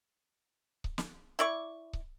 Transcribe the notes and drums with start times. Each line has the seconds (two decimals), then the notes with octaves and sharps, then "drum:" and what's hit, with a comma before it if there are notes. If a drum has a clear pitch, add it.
0.84 drum: kick C#1
0.98 drum: snare
1.39 E4 D5 C#6
1.93 drum: kick C#1